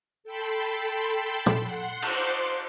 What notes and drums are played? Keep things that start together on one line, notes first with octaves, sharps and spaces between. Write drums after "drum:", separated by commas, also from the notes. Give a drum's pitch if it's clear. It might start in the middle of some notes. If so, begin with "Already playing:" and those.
A4 G5 A5 B5 C6
drum: tom
F#5 C6
C5 C6 D6 F#6 C#7, drum: cymbal